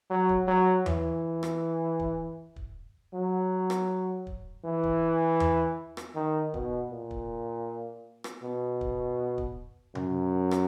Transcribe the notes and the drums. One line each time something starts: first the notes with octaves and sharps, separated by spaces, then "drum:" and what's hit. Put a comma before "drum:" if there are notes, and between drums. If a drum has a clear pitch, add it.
F#3
drum: kick
F#3
E3, drum: tom E2
drum: rim click
drum: kick
drum: kick
F#3
drum: rim click
drum: kick
E3
drum: kick
drum: tom E2
drum: rim click
D#3
B2, drum: kick
A#2
drum: kick
drum: rim click
B2
drum: kick
drum: kick
F#2, drum: tom C3
drum: rim click